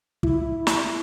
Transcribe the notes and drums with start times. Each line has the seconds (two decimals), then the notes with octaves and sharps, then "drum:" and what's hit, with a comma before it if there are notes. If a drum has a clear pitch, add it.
0.23 E4, drum: kick
0.67 drum: snare